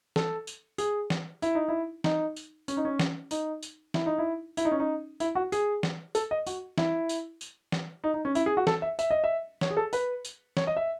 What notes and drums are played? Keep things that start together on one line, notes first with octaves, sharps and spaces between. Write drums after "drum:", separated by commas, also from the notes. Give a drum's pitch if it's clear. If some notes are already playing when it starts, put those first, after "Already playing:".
A4, drum: snare E3
drum: tambourine
G#4, drum: tambourine
drum: snare E3
E4, drum: tambourine
D#4
E4
D#4, drum: snare E3
drum: tambourine
C#4, drum: tambourine
D#4
C#4
drum: snare E3
D#4, drum: tambourine
drum: tambourine
E4, drum: snare E3
D#4
E4
E4, drum: tambourine
D#4
C#4
D#4
E4, drum: tambourine
F#4
G#4, drum: tambourine
drum: snare E3
A4, drum: tambourine
D#5
F#4, drum: tambourine
E4, drum: snare E3
drum: tambourine
drum: tambourine
drum: snare E3
D#4
D#4
C#4
E4, drum: tambourine
G#4
F#4
A4, drum: snare E3
E5
E5, drum: tambourine
D#5
E5
C#5, drum: snare E3
G#4
A4
B4, drum: tambourine
drum: tambourine
C#5, drum: snare E3
D#5
E5